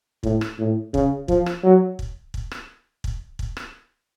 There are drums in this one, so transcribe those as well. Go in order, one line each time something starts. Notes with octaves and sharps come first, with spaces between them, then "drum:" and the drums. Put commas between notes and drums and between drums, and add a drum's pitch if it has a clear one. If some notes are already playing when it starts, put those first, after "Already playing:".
A2, drum: kick
drum: rim click
A2
C#3, drum: kick
F3, drum: kick
drum: rim click
F#3
drum: kick
drum: kick
drum: rim click
drum: kick
drum: kick
drum: rim click